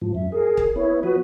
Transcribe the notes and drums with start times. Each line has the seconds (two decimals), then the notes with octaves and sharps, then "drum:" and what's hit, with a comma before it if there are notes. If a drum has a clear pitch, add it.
0.01 G#2 F3
0.15 F#2 E5
0.32 G#4 A#4
0.57 drum: kick
0.76 B3 E4 C#5
1.03 F3 B3 F#4 B4